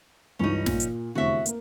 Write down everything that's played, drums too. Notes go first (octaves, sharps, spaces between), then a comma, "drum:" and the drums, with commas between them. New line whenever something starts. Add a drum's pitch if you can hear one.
C#2 G2 E3 C#4 D#4
A#2, drum: snare
drum: hi-hat
F1 E2 D3 F#4 E5
A#3 A#4, drum: hi-hat